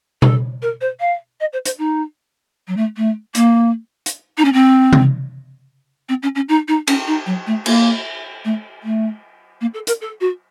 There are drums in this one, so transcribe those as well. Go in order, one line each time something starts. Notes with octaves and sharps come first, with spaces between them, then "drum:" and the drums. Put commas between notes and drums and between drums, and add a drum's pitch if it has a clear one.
A4, drum: tom B2
A#4
C5
F5
D#5
C5
C5, drum: hi-hat
D#4
F#3
A3
A3
A#3, drum: hi-hat
drum: hi-hat
D#4
C#4
C4
drum: tom C3
C4
C#4
C#4
D#4
D#4
C#4, drum: cymbal
D#4
F#3
A3
A#3, drum: cymbal
A3
A3
A#3
A4
A#4, drum: hi-hat
A4
F#4